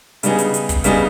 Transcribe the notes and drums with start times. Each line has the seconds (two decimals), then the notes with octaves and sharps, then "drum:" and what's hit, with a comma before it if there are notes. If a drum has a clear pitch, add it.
0.23 C#3 G3 B3 D#4 G#4, drum: hi-hat
0.38 drum: hi-hat
0.54 drum: hi-hat
0.69 drum: kick, hi-hat
0.84 C#3 G3 B3 D#4 G#4, drum: hi-hat